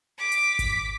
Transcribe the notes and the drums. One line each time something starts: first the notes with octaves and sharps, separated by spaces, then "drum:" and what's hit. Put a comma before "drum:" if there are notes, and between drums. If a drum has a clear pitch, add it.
D6 B6
drum: hi-hat
drum: kick G#1, hi-hat